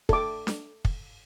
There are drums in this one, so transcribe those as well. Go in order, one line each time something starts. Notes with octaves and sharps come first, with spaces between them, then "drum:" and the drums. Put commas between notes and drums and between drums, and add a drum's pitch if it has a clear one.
A4 D6, drum: kick
drum: snare D4
drum: kick